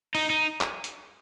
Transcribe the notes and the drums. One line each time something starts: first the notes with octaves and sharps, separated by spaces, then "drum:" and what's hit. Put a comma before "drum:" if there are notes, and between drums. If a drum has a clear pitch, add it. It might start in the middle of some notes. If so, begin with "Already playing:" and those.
D#4, drum: open hi-hat
D#4
drum: clap
drum: hi-hat